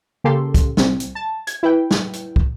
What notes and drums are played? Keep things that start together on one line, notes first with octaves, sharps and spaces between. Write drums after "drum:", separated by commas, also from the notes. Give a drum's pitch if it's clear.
C#3 A#3 G4 A4 C6
drum: kick, hi-hat
C2 C4, drum: snare
drum: hi-hat
A5
G#6, drum: hi-hat
E4 B4 G5
drum: snare
drum: hi-hat
drum: kick